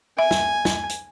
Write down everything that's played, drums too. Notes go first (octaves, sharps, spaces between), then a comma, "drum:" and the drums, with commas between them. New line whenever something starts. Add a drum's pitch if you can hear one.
E5 G#5
drum: snare
drum: snare
drum: hi-hat